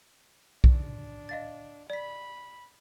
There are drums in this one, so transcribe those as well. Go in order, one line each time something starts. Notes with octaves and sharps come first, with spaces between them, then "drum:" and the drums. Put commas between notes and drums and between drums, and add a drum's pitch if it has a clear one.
D4, drum: kick B1
D#5 F5 A6
D5 B5 B6